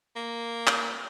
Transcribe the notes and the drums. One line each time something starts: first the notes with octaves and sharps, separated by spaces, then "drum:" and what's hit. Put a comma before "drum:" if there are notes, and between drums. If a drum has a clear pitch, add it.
A#3
drum: clap